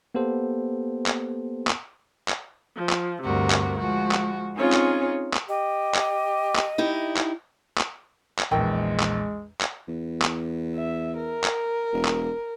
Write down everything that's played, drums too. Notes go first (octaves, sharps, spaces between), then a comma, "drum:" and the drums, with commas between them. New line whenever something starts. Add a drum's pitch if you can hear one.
A#3 B3 G4 A4 C5
drum: clap
drum: clap
drum: clap
F3
drum: clap
D2 G2 C3 F#4 A#4
drum: clap
F3 G#3 F#4
drum: clap
C4 C#4 D#4 F4 G#4 C#5
drum: clap
drum: clap
G4 D#5
drum: clap
drum: clap
D#4 E4 G4
drum: clap
drum: clap
drum: clap
A#1 E2 G#3 A#4 D#5 G5
drum: clap
drum: clap
E2
drum: clap
E5
A#4
drum: clap
E1
drum: clap